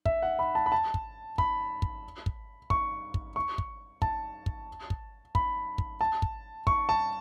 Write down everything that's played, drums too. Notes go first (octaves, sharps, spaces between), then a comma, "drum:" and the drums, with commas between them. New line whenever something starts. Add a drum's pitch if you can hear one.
E5, drum: kick
F#5
B5
A5
B5
A5
drum: kick
B5, drum: kick
drum: kick
drum: kick
C#6, drum: kick
drum: kick
C#6
drum: kick
A5, drum: kick
drum: kick
drum: kick
B5, drum: kick
drum: kick
A5
drum: kick
C#6, drum: kick
A5